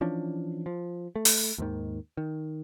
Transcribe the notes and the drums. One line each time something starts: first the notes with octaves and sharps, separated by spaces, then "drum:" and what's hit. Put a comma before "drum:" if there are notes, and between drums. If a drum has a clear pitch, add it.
E3 F3 C#4 D4
F3
A3
drum: open hi-hat
D#2 G#2 D#3
D#3